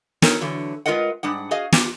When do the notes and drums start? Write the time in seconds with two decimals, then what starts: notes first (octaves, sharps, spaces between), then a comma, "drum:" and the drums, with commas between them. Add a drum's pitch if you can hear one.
0.22 D#4 A4 A#4 C#5, drum: snare
0.41 D3 E3 F#3
0.86 G#3 F4 A#4 B4 D#5 F#5
1.23 G#2 G3 D4 F#5
1.51 F#4 G#4 D#5 F5
1.72 F4 G4, drum: snare